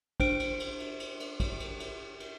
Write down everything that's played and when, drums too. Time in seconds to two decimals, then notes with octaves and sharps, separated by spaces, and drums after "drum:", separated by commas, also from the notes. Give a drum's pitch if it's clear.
0.20 D4 C5 D7, drum: kick, cymbal
0.40 drum: cymbal
0.60 drum: cymbal
0.80 drum: cymbal
1.00 drum: cymbal
1.20 drum: cymbal
1.40 drum: kick, cymbal
1.60 drum: cymbal
1.80 drum: cymbal
2.20 drum: cymbal